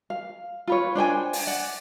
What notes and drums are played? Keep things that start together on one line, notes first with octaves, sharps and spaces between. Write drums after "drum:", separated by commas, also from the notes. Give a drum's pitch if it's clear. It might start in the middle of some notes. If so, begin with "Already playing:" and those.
F5
F4 B4 C#5
D4 C5 G5 G#5
drum: open hi-hat
D5 F#5